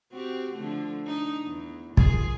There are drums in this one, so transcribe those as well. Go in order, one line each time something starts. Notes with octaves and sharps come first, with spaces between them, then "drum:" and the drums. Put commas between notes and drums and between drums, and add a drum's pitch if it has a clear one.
C4 F#4 G4
D3 F3 A3
D4 D#4
E2
D#3 F4 G#4, drum: kick